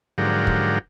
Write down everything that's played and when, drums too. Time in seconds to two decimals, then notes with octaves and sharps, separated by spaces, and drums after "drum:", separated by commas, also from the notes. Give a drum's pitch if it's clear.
0.18 G#2 D3 F3 F#3 G4 A#4
0.47 drum: kick